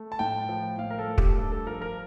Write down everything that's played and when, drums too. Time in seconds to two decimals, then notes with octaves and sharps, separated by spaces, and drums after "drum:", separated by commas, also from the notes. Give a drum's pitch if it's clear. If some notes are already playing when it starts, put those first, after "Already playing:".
Already playing: A3
0.12 A5
0.19 A2 G5
0.49 F3
0.78 A2 F5
0.91 A#4
0.99 A4
1.08 A3
1.18 G4, drum: kick
1.37 G2 A4
1.52 A4
1.67 F3 A#4
1.82 A#4